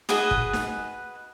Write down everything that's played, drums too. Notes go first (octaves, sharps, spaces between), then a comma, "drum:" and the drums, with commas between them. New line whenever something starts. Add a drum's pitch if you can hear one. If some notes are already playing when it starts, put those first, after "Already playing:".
F#4 G#4 B4 D#5, drum: snare D#4
drum: kick
drum: snare D#4